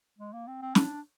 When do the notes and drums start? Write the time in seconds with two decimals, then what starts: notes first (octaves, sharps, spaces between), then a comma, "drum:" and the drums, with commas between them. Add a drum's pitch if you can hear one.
0.18 G#3
0.33 A#3
0.47 C4
0.62 C4
0.75 D4, drum: snare